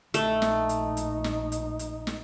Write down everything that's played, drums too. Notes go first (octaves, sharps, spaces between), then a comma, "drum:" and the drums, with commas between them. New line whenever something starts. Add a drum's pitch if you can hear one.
A#1 A3 D#4, drum: hi-hat
drum: snare
drum: hi-hat
drum: hi-hat
drum: snare
drum: hi-hat
drum: hi-hat
drum: snare